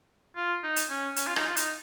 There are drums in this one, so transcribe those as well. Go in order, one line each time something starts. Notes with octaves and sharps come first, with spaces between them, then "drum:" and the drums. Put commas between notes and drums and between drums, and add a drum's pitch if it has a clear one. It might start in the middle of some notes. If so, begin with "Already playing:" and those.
F4
D#4
drum: hi-hat
C#4
C#4, drum: hi-hat
F4
D#4, drum: rim click
F4
D#4, drum: hi-hat